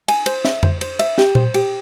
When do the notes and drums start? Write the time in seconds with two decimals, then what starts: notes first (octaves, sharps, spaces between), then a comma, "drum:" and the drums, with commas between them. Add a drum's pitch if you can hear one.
0.08 G#5, drum: cymbal
0.26 C5, drum: cymbal
0.45 E5, drum: snare
0.63 C5, drum: tom F2
0.81 C5, drum: cymbal
0.99 E5, drum: cymbal
1.18 G4, drum: snare
1.35 C5, drum: tom A#2
1.54 G4, drum: cymbal